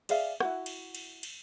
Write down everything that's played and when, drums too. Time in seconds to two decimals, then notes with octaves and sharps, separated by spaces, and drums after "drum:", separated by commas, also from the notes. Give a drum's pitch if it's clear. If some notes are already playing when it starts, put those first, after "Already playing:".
0.09 G#4 D5 E5 F5, drum: cymbal
0.40 E4 F#4 F#5, drum: rim click
0.66 drum: cymbal
0.95 drum: cymbal
1.23 drum: cymbal